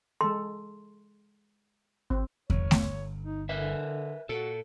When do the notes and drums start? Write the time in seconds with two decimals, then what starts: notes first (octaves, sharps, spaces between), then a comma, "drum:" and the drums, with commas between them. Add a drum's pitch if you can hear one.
0.21 G#3 A4 C6
2.10 G#1 C4
2.50 G1 C#5, drum: kick E2
2.71 drum: snare A3
3.24 D#4
3.49 D3 A#4 B4 E5
4.29 A#2 F#4 A4